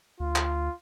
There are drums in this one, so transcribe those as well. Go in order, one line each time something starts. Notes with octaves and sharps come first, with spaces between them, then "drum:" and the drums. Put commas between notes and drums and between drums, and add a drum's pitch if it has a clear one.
D2 F4
drum: clap